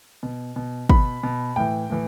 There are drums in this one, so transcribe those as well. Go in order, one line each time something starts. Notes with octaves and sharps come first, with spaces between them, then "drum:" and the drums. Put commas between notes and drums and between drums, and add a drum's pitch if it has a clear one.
B2
B2
B2 B5, drum: kick
B2
A2 E3 G5
A2 E3